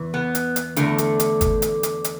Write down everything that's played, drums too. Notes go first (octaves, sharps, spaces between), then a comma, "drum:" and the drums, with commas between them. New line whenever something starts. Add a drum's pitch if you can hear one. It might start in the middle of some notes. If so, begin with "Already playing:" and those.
Already playing: E2 E3
B3
drum: hi-hat
drum: hi-hat
E2 D3 A3, drum: hi-hat
drum: hi-hat
drum: hi-hat
drum: kick G1, hi-hat
drum: hi-hat
drum: hi-hat
drum: hi-hat